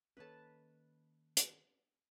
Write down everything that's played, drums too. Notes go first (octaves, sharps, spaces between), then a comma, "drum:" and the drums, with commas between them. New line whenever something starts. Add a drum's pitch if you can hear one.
D#3 A#3 C#4 A4 B4 C#5 D#5 A5
drum: hi-hat